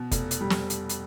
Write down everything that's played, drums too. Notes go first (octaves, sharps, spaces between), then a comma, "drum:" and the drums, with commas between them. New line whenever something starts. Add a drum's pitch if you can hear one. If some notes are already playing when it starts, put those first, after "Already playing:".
Already playing: B2
F1, drum: kick, hi-hat
drum: hi-hat
G3
drum: snare
drum: hi-hat
drum: hi-hat